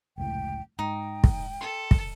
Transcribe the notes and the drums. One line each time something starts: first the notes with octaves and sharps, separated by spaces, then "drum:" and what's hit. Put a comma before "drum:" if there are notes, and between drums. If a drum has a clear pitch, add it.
F1 C#2 A2 G5
G#2 D#4 G5
drum: kick
A4 C6
drum: kick